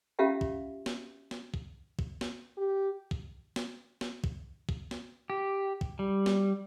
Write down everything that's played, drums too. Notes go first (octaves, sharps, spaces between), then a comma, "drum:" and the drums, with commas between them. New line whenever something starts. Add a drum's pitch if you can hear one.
C#4 F4 G4 E5 F5 G5
drum: kick
drum: snare
drum: snare
drum: kick
drum: kick
drum: snare
G4
drum: kick
drum: snare
drum: snare
drum: kick
drum: kick
drum: snare
G4
drum: kick
G3
drum: snare